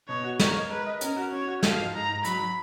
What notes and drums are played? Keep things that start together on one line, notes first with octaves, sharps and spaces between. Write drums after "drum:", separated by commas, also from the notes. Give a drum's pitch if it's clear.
B2 C#5
F#4
A#4 C#5, drum: snare
G#3
A#4 B4
D#5
C#4 A#4, drum: hi-hat
F#4
C#4 C#5
F#4
F3 F5, drum: snare
G#2
G#2 A#5
G#2
F#3 B5, drum: hi-hat
F#3